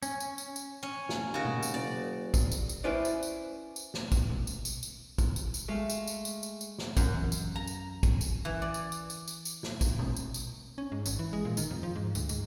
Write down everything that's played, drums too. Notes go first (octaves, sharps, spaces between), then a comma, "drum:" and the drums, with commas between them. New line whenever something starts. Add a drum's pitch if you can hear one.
C#4, drum: tambourine
drum: tambourine
drum: tambourine
drum: tambourine
C#4
drum: snare
D#2 C#3 F#4
drum: tom B2
drum: tambourine
F#1 D5
drum: kick, tambourine
drum: tambourine
drum: tambourine
C#4 E4 B4 C5 D5
drum: tambourine
drum: tambourine
drum: tambourine
drum: snare
drum: kick, tambourine
drum: tom B2
drum: tambourine
drum: tambourine
drum: tambourine
drum: kick, tambourine
drum: tambourine
drum: tambourine
G#3 A3 F5
drum: tambourine
drum: tambourine
drum: tambourine
drum: tambourine
drum: tambourine
drum: snare
F#2, drum: kick, tambourine
drum: tom E3
drum: tambourine
A#5
drum: tambourine
drum: kick, tambourine
drum: tambourine
E3
D5
drum: tambourine
drum: tambourine
drum: tambourine
drum: tambourine
drum: tambourine
drum: snare
drum: kick, tambourine
drum: tom B2
drum: tambourine
drum: tambourine
C#4
G#2
G#1, drum: tambourine
E3
G#3
A#2
D#3, drum: tambourine
F2
F3
G#2
D2, drum: tambourine
G#2, drum: tambourine